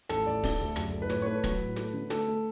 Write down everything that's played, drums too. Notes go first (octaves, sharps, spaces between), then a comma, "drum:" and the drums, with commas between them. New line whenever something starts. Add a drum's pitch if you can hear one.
A1 A4, drum: hi-hat
A1 D5
D4, drum: kick, open hi-hat
D2
F#1, drum: hi-hat
A3
B4
A2 C#5, drum: snare
C#5
A3 B4
F#3, drum: kick, hi-hat
A2
A3, drum: snare
D3
A3 A4, drum: snare
A3